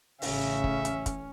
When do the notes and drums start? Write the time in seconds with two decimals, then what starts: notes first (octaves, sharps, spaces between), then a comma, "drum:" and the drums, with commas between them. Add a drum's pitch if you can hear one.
0.22 A1 C#3 C#4 E5, drum: open hi-hat
0.64 drum: kick
0.85 drum: hi-hat
1.06 drum: kick, hi-hat